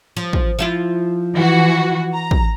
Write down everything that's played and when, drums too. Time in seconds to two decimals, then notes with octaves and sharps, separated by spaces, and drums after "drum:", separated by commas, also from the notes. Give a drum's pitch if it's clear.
0.17 F3
0.33 drum: kick
0.59 F3 E4 F4
1.34 E3 F#4
2.13 A#5
2.31 drum: kick